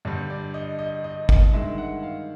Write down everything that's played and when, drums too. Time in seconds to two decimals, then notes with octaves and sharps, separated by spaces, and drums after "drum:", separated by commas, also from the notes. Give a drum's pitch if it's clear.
0.05 G2 D3 G3
0.30 D5
0.54 D#5
0.79 D#5
1.04 D#5
1.29 D#5, drum: kick G1
1.53 G2 D#3 G#3 E5
1.78 F#5
2.03 F5